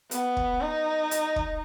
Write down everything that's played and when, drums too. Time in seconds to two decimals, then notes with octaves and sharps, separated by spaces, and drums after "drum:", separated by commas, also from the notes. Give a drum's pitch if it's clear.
0.11 B3, drum: hi-hat
0.37 drum: kick
0.61 D#4
1.11 drum: hi-hat
1.36 drum: kick